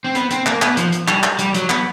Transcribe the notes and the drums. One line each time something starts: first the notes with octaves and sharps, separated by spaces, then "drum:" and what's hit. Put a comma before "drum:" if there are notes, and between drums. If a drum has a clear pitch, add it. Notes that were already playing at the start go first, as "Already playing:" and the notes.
C4
B3, drum: hi-hat
C4, drum: hi-hat
A#3, drum: clap
B3, drum: clap
F3, drum: hi-hat
drum: hi-hat
G3, drum: clap
drum: clap
G3, drum: hi-hat
F#3, drum: hi-hat
B3, drum: clap